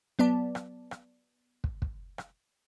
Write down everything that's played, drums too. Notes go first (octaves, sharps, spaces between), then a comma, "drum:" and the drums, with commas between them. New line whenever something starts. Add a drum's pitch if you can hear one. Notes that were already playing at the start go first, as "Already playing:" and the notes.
F#3 B3 D5 A5
drum: rim click
drum: rim click
drum: kick
drum: kick
drum: rim click